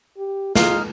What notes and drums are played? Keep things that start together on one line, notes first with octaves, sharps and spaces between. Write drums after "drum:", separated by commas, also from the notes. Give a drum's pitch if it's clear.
G4
D#4 F4 G#4 F6, drum: snare